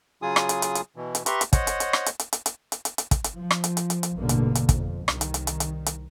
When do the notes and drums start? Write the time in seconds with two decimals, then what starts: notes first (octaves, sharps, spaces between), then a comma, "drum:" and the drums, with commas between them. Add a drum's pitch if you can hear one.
0.22 C#3 F#3 F4 G#4 G#5 D#6
0.36 drum: rim click
0.49 drum: hi-hat
0.62 drum: hi-hat
0.75 drum: hi-hat
0.96 B2 E3
1.15 drum: hi-hat
1.26 G4 B4 E5 A#5 C6 C#6, drum: hi-hat
1.41 drum: hi-hat
1.53 C5 C#5 D#5 F#5, drum: kick, hi-hat
1.67 drum: hi-hat
1.80 drum: hi-hat
1.93 drum: rim click
2.06 drum: hi-hat
2.19 drum: hi-hat
2.33 drum: hi-hat
2.46 drum: hi-hat
2.72 drum: hi-hat
2.85 drum: hi-hat
2.98 drum: hi-hat
3.11 drum: kick, hi-hat
3.24 drum: hi-hat
3.34 F3
3.51 drum: rim click
3.64 drum: hi-hat
3.77 drum: hi-hat
3.90 drum: hi-hat
4.03 drum: hi-hat
4.14 A1 G2 B2 D3 A#3
4.29 drum: hi-hat
4.55 drum: hi-hat
4.69 F2, drum: kick, hi-hat
5.08 C2 D#3, drum: rim click
5.21 drum: hi-hat
5.34 drum: hi-hat
5.47 drum: hi-hat
5.60 drum: hi-hat
5.86 drum: hi-hat